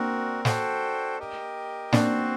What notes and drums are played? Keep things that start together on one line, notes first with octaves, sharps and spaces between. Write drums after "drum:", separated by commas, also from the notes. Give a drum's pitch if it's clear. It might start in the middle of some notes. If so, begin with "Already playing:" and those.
Already playing: A#3 C4 D4 F#4 A#4
F#4 A4 C5 G5, drum: snare
G4 A#4 D#5 G5
A#3 C4 D4 F#4 C5, drum: snare